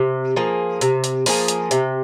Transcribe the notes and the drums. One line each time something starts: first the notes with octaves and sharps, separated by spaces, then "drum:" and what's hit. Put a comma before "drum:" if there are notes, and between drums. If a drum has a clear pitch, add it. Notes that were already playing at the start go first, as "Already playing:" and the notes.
Already playing: C3
F3 A#3 G#4
C3, drum: hi-hat
drum: hi-hat
F3 A#3 G#4, drum: open hi-hat
drum: hi-hat
C3, drum: hi-hat